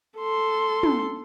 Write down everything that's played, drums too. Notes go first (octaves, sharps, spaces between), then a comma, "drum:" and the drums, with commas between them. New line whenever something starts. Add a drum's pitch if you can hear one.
A4 C6
drum: tom